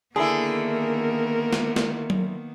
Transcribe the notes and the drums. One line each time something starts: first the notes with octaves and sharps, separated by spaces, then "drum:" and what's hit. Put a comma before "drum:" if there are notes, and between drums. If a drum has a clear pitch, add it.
D3 D#3 A#3 B3 E4 G#4 A#4
drum: snare
drum: snare
drum: tom F#3